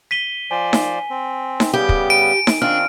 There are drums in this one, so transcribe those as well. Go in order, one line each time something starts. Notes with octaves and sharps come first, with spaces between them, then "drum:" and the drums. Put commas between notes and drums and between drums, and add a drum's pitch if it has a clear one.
B6 D#7 G7
F3 C5 D5 G#5
drum: snare D#4
C4
drum: snare D#4
C#3 G3 B3 G4
drum: kick
D7 D#7
drum: snare D#4
D#3 C4 D4 F4 F6